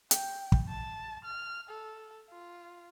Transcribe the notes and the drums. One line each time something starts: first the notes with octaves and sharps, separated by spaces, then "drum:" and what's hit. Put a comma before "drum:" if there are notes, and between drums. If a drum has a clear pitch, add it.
G5, drum: hi-hat
drum: kick
A5
F6
A4
F4